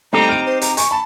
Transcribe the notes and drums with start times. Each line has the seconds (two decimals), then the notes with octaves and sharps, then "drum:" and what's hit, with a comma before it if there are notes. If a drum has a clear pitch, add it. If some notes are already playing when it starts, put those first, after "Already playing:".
0.13 G3 A3 C4 D#4 G4 A#5
0.29 F6 D7
0.46 C5
0.62 A#5, drum: hi-hat
0.77 G#5 C#6, drum: hi-hat
0.91 A5 B5